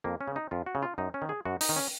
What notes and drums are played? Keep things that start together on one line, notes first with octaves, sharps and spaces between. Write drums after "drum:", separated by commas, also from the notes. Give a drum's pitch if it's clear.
F2 A#3
C#4
C#3
D#4
F2 F4
F#4
C#3
F4
F#2 D#4
C#4
D#3
G#4
F#2 F#4
D#4, drum: open hi-hat
D#3
C#4